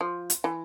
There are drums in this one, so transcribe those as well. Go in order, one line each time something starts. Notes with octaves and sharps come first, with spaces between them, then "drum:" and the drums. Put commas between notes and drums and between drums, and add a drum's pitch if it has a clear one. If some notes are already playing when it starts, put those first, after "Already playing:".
F3
drum: hi-hat
E3